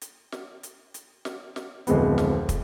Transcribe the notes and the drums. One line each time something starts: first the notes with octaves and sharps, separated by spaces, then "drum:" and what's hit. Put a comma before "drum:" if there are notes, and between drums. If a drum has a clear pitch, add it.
drum: hi-hat
drum: snare
drum: hi-hat
drum: hi-hat
drum: snare
drum: snare
D1 F2 G#3 B3, drum: hi-hat
drum: snare
drum: kick, hi-hat